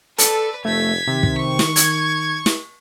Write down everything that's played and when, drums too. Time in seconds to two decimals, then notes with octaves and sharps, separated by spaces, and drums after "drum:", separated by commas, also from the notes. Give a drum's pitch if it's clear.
0.18 A4 B4 D5, drum: hi-hat
0.65 F1 A3 G#6 B6
1.07 C3 D#3
1.23 drum: kick
1.38 C#6
1.59 drum: snare
1.76 G#6, drum: hi-hat
2.46 drum: snare